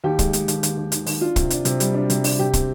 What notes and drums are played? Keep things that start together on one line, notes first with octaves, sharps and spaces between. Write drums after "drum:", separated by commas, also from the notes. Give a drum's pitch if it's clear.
D#2 G4
G#3, drum: kick, hi-hat
G#3, drum: hi-hat
D#2, drum: hi-hat
D#2, drum: hi-hat
D#2
D#2, drum: hi-hat
D#2, drum: open hi-hat
D4 F4
C3, drum: kick, hi-hat
D4, drum: hi-hat
C3, drum: hi-hat
G3, drum: hi-hat
D4
C3, drum: hi-hat
D4, drum: open hi-hat
C3 G4
C4, drum: kick, hi-hat